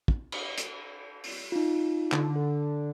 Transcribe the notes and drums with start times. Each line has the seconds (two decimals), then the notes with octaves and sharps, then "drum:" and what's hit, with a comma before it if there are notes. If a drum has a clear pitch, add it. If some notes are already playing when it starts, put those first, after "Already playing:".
0.08 drum: kick
0.32 drum: cymbal
0.58 drum: hi-hat
1.24 drum: open hi-hat
1.52 D#4 F4
2.12 D3, drum: clap
2.36 A4